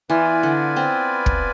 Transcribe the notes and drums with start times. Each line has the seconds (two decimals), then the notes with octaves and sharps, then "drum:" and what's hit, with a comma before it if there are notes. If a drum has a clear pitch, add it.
0.09 E3 B3 F4 B4 D5 G#5
0.43 D3
0.76 C4
1.26 drum: kick